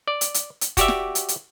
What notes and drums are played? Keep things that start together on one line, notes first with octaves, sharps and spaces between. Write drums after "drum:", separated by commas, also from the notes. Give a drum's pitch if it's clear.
D5
drum: hi-hat
drum: hi-hat
drum: hi-hat
F#4 G4 D5 E5, drum: kick, hi-hat
drum: snare
drum: hi-hat
drum: hi-hat